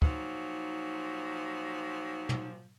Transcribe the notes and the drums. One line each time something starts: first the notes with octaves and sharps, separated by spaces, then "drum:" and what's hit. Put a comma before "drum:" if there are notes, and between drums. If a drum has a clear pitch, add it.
A#2 F3 F#3 D#4, drum: kick
drum: tom